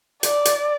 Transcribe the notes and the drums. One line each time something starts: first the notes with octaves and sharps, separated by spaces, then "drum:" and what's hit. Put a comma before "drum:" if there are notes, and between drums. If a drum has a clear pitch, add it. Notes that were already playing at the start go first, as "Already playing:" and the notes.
D5, drum: hi-hat
drum: hi-hat